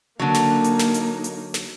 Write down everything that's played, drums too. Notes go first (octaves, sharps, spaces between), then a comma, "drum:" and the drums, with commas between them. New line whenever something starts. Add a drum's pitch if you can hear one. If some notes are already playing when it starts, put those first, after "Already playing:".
D3 F#3 A#3 D#4
drum: snare
drum: hi-hat
drum: snare
drum: hi-hat
drum: hi-hat
drum: snare